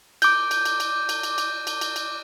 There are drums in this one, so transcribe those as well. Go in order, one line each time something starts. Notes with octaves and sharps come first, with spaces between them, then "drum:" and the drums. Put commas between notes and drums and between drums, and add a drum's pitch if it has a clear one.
D6 G6, drum: cymbal
drum: cymbal
drum: cymbal
drum: cymbal
drum: cymbal
drum: cymbal
drum: cymbal
drum: cymbal
drum: cymbal
drum: cymbal